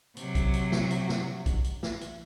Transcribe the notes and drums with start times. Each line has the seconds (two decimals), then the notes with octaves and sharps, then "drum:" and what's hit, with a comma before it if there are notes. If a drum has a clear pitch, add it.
0.17 C3 F#3, drum: hi-hat
0.35 drum: kick, hi-hat
0.54 drum: hi-hat
0.72 drum: snare
0.91 drum: hi-hat
1.09 drum: snare
1.46 drum: kick, hi-hat
1.64 drum: hi-hat
1.83 drum: snare
2.01 drum: hi-hat